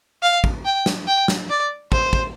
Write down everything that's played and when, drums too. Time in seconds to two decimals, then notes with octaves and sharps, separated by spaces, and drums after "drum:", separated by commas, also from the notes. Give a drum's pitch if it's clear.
0.22 F5
0.44 drum: kick
0.65 G5
0.86 drum: snare
1.07 G5
1.28 drum: snare
1.49 D5
1.92 C5, drum: kick
2.13 drum: kick